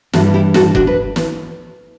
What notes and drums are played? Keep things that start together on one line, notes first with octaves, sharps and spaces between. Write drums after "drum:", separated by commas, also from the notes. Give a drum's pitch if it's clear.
G2 E3 G3 F#4 A4, drum: snare
E4 G4
F#4 A4, drum: snare
D4 F#4, drum: kick F#1
B4
drum: snare